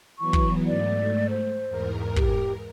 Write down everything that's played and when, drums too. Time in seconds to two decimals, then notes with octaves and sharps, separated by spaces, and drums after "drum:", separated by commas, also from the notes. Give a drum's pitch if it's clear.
0.19 E3 F#3 B3 C#6
0.33 drum: kick
0.66 G#2 A3 D5
1.30 C5
1.68 E2 G#2 A#4
2.16 G4, drum: kick